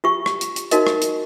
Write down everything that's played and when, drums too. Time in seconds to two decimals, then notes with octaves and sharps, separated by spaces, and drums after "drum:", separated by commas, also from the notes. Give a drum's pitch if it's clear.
0.04 F4 G4 C#6
0.26 drum: rim click
0.41 drum: hi-hat
0.56 drum: hi-hat
0.71 D#4 F#4 A#4 D#5, drum: hi-hat
0.87 drum: rim click
1.02 drum: hi-hat